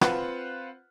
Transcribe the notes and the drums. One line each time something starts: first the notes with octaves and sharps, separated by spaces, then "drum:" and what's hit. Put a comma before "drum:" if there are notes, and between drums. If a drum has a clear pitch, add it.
C4 F4 B4 F#5, drum: rim click